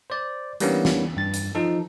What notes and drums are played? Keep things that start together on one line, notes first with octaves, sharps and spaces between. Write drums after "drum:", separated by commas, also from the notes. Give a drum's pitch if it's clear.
C5 D5
E3 G3 A#3 B3 C#4 D4, drum: hi-hat
drum: snare
G2 A6
drum: hi-hat
F3 D#4 A4